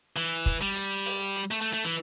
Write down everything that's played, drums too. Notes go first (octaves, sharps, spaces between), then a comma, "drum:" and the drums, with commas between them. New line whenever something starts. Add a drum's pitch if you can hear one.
E3, drum: hi-hat
drum: kick, hi-hat
G3
drum: hi-hat
drum: open hi-hat
drum: hi-hat
A3
A3
A3
E3